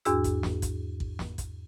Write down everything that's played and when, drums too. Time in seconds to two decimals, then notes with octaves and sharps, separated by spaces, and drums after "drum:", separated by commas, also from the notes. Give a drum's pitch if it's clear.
0.05 E2 G#2 D4 F#4 G#4 E6, drum: hi-hat
0.24 drum: kick A1, hi-hat
0.43 drum: snare
0.62 drum: kick A1, hi-hat
1.00 drum: kick A1
1.19 drum: snare
1.38 drum: kick A1, hi-hat